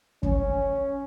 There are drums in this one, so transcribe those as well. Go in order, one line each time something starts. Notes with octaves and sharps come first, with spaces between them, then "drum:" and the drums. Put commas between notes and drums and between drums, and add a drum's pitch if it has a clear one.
C#4, drum: kick